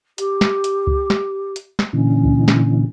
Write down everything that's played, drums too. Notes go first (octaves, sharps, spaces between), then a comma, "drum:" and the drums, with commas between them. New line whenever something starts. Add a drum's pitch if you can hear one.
G4, drum: hi-hat
drum: snare
drum: hi-hat
drum: kick C#2
drum: snare
drum: hi-hat
drum: snare
A#2 D3 E3 C#4
drum: kick C#2
drum: snare